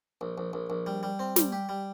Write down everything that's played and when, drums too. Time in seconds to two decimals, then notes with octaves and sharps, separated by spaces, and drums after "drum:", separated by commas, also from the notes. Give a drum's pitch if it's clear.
0.21 A#1
0.38 A#1
0.53 A#1
0.70 A#1
0.86 G3
1.03 G3
1.19 C4
1.36 G3, drum: snare
1.52 G4
1.69 G3